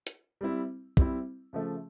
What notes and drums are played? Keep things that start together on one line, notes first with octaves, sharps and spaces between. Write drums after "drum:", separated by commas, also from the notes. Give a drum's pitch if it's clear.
drum: hi-hat
G3 C4 E4
G3 C4 E4, drum: kick
C#3 F3 A3